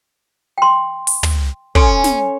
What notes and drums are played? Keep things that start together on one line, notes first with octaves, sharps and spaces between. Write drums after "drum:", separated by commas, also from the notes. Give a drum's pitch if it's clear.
G5 C6
drum: open hi-hat
drum: tom
C#4 A4 C6, drum: kick
drum: snare